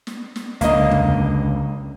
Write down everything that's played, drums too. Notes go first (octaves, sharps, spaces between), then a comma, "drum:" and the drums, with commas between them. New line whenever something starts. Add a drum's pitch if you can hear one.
drum: snare
drum: snare
C#2 D3 A#3 D#5, drum: hi-hat
drum: tom